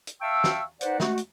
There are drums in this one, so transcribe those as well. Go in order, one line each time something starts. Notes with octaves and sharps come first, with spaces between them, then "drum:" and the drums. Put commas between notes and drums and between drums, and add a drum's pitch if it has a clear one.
drum: hi-hat
E5 F5 G5 A5 C#6 E6
drum: snare
D#4 B4 C5 D5 F#5, drum: hi-hat
G#3 A3 F#4, drum: snare
drum: hi-hat